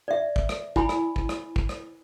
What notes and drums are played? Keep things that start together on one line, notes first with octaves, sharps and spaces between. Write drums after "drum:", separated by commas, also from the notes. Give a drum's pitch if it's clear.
D5 E5
drum: kick
drum: rim click
E4 G#5 B5, drum: kick
drum: rim click
drum: kick
drum: rim click
drum: kick
drum: rim click